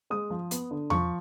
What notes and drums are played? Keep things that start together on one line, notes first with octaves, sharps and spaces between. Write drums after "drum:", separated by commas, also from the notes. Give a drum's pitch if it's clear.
G#3 D#6
F3
B3, drum: hi-hat
D3
F3 C#6, drum: tom E2